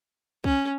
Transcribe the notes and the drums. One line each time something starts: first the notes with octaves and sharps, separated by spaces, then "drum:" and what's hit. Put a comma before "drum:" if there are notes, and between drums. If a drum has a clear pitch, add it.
C#4, drum: kick